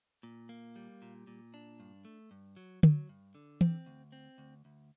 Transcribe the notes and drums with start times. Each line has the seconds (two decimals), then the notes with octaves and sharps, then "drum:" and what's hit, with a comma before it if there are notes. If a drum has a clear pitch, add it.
0.23 A#2
0.49 A#3
0.76 G3
1.02 A#2
1.27 A#2
1.54 D4
1.80 G2
2.05 A3
2.31 G2
2.57 F#3
2.83 F#3, drum: tom D3
3.09 G2
3.35 D3
3.61 C4, drum: tom E3
3.86 D2
4.12 C4
4.38 D2
4.65 D2